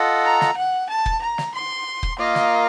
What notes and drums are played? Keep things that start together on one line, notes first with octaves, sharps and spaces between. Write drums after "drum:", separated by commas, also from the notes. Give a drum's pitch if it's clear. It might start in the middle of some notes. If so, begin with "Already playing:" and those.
Already playing: F4 A4 D#5 F#5
A#5
drum: snare
F#5
A5
drum: kick
A#5
drum: snare
C6
drum: kick
A#3 F4 A#4 D#5 F5
drum: snare